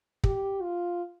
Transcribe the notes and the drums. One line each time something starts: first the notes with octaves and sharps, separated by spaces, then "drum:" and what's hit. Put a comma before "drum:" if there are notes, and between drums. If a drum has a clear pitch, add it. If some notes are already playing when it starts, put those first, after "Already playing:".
G4, drum: kick
F4